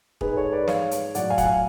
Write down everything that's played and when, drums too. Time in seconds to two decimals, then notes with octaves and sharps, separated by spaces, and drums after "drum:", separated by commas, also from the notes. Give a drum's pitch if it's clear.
0.21 G#2 G#3 G#4 B4, drum: kick
0.36 A4 C#5
0.52 B4 D5
0.68 C#5 F5, drum: snare
0.91 drum: hi-hat
1.15 A2 F#3 D5 F#5, drum: hi-hat
1.30 F5 G#5
1.38 F#5, drum: kick, hi-hat
1.45 F5 G#5